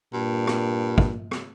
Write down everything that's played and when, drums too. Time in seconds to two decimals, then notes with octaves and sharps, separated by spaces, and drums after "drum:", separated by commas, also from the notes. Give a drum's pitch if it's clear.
0.14 G2 A#2
0.47 drum: rim click
0.98 drum: kick
1.31 drum: rim click